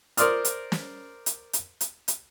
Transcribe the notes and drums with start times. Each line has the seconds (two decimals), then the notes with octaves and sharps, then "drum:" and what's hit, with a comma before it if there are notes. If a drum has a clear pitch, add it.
0.17 A#4 C5 D5 C6 D#6 F6, drum: hi-hat
0.45 drum: hi-hat
0.72 drum: snare
1.26 drum: hi-hat
1.53 drum: hi-hat
1.81 drum: hi-hat
2.08 drum: hi-hat